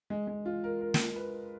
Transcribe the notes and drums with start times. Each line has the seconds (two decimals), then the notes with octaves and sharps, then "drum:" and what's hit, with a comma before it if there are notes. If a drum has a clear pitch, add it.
0.10 G#3
0.27 G#3
0.45 F4
0.64 A#4
0.81 A#4
0.94 drum: snare
1.16 B4